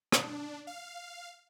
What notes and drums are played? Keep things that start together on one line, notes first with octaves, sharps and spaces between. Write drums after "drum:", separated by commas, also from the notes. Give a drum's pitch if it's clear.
D4, drum: rim click
F5